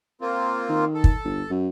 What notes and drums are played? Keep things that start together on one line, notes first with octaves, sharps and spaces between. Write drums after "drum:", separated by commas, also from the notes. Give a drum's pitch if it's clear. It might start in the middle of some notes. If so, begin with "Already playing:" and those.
A#3 C4 F4
D#3
A4
drum: kick
G1
F#2